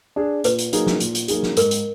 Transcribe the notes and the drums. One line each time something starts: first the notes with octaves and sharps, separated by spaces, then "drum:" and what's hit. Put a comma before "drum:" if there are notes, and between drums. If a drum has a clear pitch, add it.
D4 G#4
A#2 B4, drum: hi-hat
drum: hi-hat
F#3 A#3 D#4 G#4, drum: hi-hat
drum: snare
A#2, drum: hi-hat
drum: hi-hat
F#3 A#3 D#4 G#4, drum: hi-hat
drum: snare
G#2 A#4, drum: hi-hat
drum: hi-hat